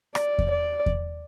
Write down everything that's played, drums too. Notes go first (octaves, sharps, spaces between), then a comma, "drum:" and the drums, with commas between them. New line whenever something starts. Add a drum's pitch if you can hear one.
D5, drum: rim click
drum: kick E2
D5
drum: kick E2